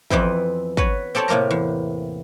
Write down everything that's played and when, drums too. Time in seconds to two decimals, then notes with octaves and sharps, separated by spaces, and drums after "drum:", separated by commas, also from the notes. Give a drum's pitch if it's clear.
0.11 F2 E3 B3 C4 E4, drum: kick
0.77 F#4 B4 C#5, drum: kick
1.15 C4 G4 A4 C#5 D5
1.28 A2 C3 A#3 A#4 A#5
1.51 E2